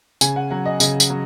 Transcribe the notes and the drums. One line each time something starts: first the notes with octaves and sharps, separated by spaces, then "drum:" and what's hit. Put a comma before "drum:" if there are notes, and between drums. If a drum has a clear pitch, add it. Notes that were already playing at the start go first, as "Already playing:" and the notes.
C#3 G#5, drum: tambourine
F#5
F#3 F#5
D#5
C#3 D#5, drum: tambourine
drum: tambourine
F#3